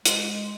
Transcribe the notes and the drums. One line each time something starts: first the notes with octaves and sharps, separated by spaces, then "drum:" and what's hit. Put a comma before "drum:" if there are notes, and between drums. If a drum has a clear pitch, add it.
G#3, drum: hi-hat